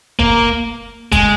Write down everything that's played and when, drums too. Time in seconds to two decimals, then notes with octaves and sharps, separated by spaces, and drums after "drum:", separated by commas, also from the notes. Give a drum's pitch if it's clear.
0.19 A#3, drum: kick
1.12 G#3, drum: kick, hi-hat